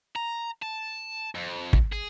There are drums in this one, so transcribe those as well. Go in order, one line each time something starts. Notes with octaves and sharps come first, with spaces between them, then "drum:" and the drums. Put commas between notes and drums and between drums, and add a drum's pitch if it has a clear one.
A#5
A5
F2
drum: kick
G#4